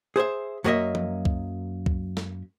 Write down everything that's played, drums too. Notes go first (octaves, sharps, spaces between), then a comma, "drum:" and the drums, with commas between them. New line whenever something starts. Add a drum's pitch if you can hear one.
G#4 C5 D#5 E5
F#2 F#3 A#3 C4 D#5 E5
drum: tom F3
drum: kick C2
drum: kick C2
drum: snare